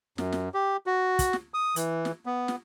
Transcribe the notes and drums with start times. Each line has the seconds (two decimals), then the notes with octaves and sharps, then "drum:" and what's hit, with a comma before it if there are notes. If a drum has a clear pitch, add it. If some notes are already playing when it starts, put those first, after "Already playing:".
0.18 F#2, drum: snare
0.32 drum: snare
0.54 G4
0.86 F#4
1.19 drum: kick, hi-hat
1.33 drum: snare
1.54 D#6
1.76 E3, drum: hi-hat
2.05 drum: snare
2.26 B3
2.48 drum: snare